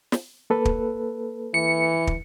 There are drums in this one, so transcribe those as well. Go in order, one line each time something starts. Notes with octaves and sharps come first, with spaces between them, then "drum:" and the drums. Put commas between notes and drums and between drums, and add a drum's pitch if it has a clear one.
drum: snare
A#3 A4 B4
drum: kick
E3 C#7
drum: kick